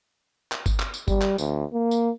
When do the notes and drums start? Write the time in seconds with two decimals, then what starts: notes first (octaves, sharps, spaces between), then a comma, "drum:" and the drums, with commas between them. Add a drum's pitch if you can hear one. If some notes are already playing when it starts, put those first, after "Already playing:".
0.52 drum: clap
0.66 drum: kick G1, tambourine
0.80 drum: clap
0.94 drum: tambourine
1.08 G3, drum: kick G1, tambourine
1.22 drum: clap
1.38 D2, drum: tambourine
1.72 A#3
1.91 drum: tambourine